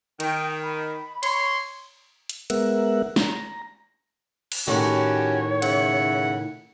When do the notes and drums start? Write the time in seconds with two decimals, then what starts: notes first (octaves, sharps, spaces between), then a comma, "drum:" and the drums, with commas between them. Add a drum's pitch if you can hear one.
0.20 D#3 G5, drum: cymbal
0.63 B5
1.23 C#5 C6, drum: cymbal
2.29 drum: hi-hat
2.50 G#3 B3 A#4 E5 F#5, drum: cymbal
3.16 A#5, drum: snare
4.52 drum: cymbal
4.68 A2 D#3 C#4 F#4 G4 C#5
5.62 C#3 E5 F#5, drum: cymbal